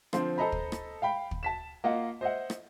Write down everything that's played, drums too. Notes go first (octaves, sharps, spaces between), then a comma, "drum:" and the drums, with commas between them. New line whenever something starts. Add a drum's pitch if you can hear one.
D3 F3 C4 F4 C6, drum: rim click
A4 C5 D#5 A#5 B5
drum: kick
drum: rim click
F5 G5 B5
drum: kick
A5 B6 E7
A#3 F4 D#5 F5 F#5
C5 D#5 E5 F#5
drum: rim click